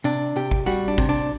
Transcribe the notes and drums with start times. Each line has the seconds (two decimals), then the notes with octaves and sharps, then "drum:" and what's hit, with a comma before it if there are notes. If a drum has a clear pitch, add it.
0.04 C3 D4, drum: tambourine
0.36 C3 G4, drum: tambourine
0.51 drum: kick G#1
0.66 G3 F#4, drum: tambourine
0.88 D4
0.98 C3, drum: kick G#1, tambourine
1.09 D4